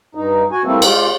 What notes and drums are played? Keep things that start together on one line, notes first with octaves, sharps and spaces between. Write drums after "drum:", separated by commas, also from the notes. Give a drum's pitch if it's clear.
G2 D#4
F#4 G#5
E3 G3 A3 A#3 C4 A4
G#3 F4 G4 D5, drum: cymbal